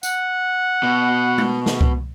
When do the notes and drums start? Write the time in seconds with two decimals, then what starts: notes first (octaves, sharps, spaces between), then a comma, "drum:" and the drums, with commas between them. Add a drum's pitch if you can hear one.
0.03 F#5, drum: tambourine
0.83 B2
1.38 drum: tom G#3
1.66 drum: snare
1.81 drum: kick C2